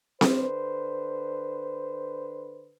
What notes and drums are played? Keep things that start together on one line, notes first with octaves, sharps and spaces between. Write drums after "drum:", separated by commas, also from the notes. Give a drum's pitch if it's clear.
D3 B4 C5, drum: snare C4